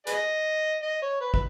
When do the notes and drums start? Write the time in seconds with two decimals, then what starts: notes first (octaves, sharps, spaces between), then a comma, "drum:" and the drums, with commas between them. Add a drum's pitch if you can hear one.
0.07 G#4 B4 D#5, drum: hi-hat
0.83 D#5
1.02 C#5
1.21 B4
1.34 B4, drum: kick